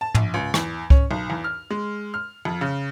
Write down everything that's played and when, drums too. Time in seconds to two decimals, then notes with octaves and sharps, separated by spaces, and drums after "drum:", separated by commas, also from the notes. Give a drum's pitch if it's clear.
0.01 A5
0.15 A#1, drum: tom
0.34 C#2
0.54 E2, drum: rim click
0.90 C#4, drum: kick C2
1.11 B1
1.30 E2
1.44 F6
1.70 G#3
2.14 F6
2.45 F2
2.61 C#3